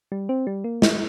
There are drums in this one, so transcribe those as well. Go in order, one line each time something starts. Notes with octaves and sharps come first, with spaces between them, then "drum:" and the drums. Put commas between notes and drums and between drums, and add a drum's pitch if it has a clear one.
G3
C4
G3
A#3
G3, drum: snare